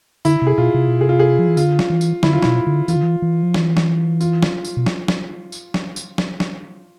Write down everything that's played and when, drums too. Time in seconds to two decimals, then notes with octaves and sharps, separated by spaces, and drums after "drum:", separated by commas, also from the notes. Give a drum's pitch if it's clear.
0.25 D3 E4, drum: tambourine
0.42 C3 G#4
0.58 B2 F4
0.74 C3
0.88 B2
1.01 C3 G#4
1.09 F4
1.19 G#4
1.39 F3
1.48 E3
1.57 D3 F4, drum: tambourine
1.79 drum: snare
1.90 E3
2.01 drum: tambourine
2.23 D3 E4, drum: snare
2.33 F4
2.42 B2 E4, drum: snare
2.67 D3
2.88 E3 F4, drum: tambourine
2.96 D3
3.03 E3
3.22 E3
3.43 F3
3.54 E3, drum: snare
3.77 drum: snare
4.21 F4, drum: tambourine
4.43 drum: snare
4.64 drum: tambourine
4.77 B2
4.86 drum: snare
5.08 drum: snare
5.52 drum: tambourine
5.74 drum: snare
5.96 drum: tambourine
6.18 drum: snare
6.40 drum: snare